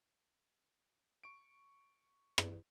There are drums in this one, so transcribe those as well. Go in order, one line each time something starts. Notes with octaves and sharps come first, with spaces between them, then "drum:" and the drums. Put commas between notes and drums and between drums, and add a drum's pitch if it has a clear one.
C#6 D7
drum: rim click